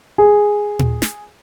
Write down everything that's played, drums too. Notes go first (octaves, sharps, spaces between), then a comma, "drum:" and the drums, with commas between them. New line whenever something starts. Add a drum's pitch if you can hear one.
G#4
drum: tom A#2
drum: snare